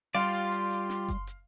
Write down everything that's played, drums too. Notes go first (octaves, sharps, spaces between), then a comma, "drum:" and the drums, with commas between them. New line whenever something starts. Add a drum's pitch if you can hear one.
G3 F4 G4 D5 F5 C6
drum: hi-hat
drum: hi-hat
drum: hi-hat
drum: snare
drum: kick F#1, hi-hat
drum: hi-hat